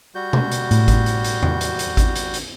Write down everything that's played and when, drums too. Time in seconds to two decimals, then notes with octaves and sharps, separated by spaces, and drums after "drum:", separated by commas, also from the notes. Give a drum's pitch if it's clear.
0.15 G3 F#4 G6
0.33 drum: tom B2
0.51 drum: hi-hat
0.71 A2, drum: hi-hat
0.88 drum: kick G#1, hi-hat
1.06 drum: hi-hat
1.24 drum: hi-hat
1.43 drum: tom E2
1.61 drum: hi-hat
1.79 drum: hi-hat
1.97 drum: kick G#1, hi-hat
2.16 drum: hi-hat
2.34 drum: hi-hat